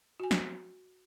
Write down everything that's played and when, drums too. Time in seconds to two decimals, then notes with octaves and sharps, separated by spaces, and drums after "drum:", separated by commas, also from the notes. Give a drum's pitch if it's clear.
0.20 F#4 G#5
0.31 drum: snare